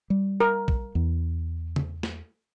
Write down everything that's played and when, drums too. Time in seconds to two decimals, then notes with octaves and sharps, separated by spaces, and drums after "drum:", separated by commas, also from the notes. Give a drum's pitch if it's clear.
0.10 G3
0.40 A#4
0.68 drum: kick
0.95 E2
1.76 drum: tom
2.03 drum: snare